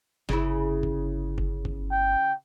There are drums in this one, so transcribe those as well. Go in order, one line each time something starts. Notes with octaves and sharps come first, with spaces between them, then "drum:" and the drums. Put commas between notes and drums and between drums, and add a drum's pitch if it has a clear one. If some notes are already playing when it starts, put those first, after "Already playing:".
G1 C#3 E4, drum: snare
drum: kick
drum: kick
drum: kick
G5